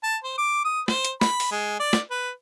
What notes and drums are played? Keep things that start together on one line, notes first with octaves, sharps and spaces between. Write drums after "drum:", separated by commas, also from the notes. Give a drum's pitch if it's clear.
A5
C5
D6
D#6
C5, drum: snare
drum: hi-hat
B5, drum: snare
drum: open hi-hat
G#3
D5
drum: snare
B4